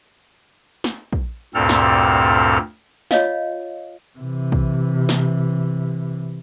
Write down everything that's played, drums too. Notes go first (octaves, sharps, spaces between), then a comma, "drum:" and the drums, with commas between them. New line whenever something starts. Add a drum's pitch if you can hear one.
drum: snare
drum: kick
D2 G2 A#2 C4 A4 F6
drum: snare
F4 C#5 D#5 F5, drum: snare
C3 E3
drum: kick
drum: snare